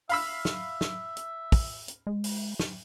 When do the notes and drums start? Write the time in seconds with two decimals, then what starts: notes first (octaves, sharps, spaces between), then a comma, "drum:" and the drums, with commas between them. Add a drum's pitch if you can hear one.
0.09 E5 F5 B5 E6, drum: open hi-hat
0.45 drum: snare
0.81 drum: snare
1.17 drum: hi-hat
1.52 drum: kick, open hi-hat
1.88 drum: hi-hat
2.07 G#3
2.24 drum: open hi-hat
2.59 drum: snare